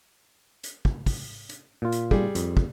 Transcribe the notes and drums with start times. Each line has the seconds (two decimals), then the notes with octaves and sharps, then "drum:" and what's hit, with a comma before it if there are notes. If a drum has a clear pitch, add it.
0.64 drum: hi-hat
0.85 drum: kick
1.06 drum: kick, open hi-hat
1.49 drum: hi-hat
1.82 A#2 F4
1.92 drum: hi-hat
2.11 G3 G#4, drum: kick
2.35 F2, drum: hi-hat
2.57 drum: kick